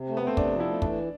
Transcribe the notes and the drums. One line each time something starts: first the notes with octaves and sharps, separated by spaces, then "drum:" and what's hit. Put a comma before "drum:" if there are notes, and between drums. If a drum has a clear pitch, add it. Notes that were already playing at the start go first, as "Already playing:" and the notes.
Already playing: C3
A3
B3
A3 C4
C3 D4, drum: kick
F3
E4
A3
E3 D4, drum: kick